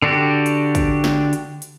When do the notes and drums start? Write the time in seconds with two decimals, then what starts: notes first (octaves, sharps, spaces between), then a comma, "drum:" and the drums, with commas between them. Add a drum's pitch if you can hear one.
0.02 D3 D4 F#4 G4
0.46 drum: hi-hat
0.75 drum: kick, hi-hat
1.04 drum: snare
1.33 drum: hi-hat
1.62 drum: hi-hat